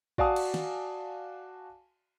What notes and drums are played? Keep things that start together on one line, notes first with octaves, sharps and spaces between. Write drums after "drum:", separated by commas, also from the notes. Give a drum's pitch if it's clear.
F#4 D5 F5 G#5 A5 D#6, drum: kick
drum: cymbal
drum: snare